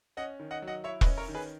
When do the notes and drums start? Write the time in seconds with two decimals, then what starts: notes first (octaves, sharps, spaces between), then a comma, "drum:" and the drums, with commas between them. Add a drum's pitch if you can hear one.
0.17 C#4 D#5 F#5
0.40 D#3
0.51 D#5 F#5
0.62 F#3
0.67 D#5 F#5
0.84 E4 C#5 E5
1.01 B4 D#5, drum: kick E1
1.06 C#4
1.17 A#4 C#5
1.28 D#3
1.35 G#4 B4